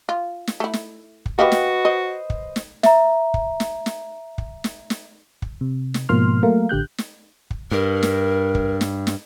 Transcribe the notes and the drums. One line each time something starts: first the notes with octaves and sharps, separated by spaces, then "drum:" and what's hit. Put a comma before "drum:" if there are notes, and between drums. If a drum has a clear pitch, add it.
F4
drum: snare
A3 E4
drum: snare
drum: kick
A#3 F#4 G4 B4 D#5 F5
drum: snare
C5 D#5
drum: kick
drum: snare
E5 A#5, drum: snare
drum: kick
drum: snare
drum: snare
drum: kick
drum: snare
drum: snare
drum: kick
C3
drum: snare
G#2 B2 F3 A#3 C6 F6
F#3 A3 A#3 A#4 F5
A1 D3 G4 F#6 G6
drum: snare
drum: kick
G2 A#4
drum: snare
drum: kick
drum: snare
drum: snare